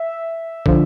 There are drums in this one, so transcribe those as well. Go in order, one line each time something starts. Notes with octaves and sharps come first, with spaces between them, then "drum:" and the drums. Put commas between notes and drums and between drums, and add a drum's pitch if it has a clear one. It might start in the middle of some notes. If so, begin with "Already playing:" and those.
Already playing: E5
D3 F3, drum: kick